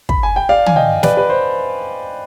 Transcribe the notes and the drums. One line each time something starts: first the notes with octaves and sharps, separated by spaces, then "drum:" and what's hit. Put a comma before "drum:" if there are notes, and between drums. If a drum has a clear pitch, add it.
B5, drum: kick
G#5
G5
D5 F5
G#5, drum: tom
D#5 G5
B4 D5, drum: snare
B4
C5